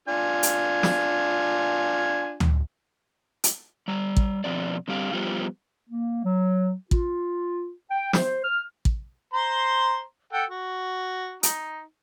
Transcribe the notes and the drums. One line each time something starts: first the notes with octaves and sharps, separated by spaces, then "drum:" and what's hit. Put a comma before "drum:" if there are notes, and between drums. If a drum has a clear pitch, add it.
D4 F4 G#5
drum: hi-hat
drum: snare
drum: tom D2
drum: hi-hat
G3 A#5
drum: kick
B2 F3 C4 D5
D3 G3 C4 G4 F5
F3 G3 B3 F4 G4 C5
A#3
F#3
F4, drum: kick
G5
C5, drum: snare
F6
drum: kick
C5 A#5 C6
A4 F#5 G5
F#4
D#4, drum: hi-hat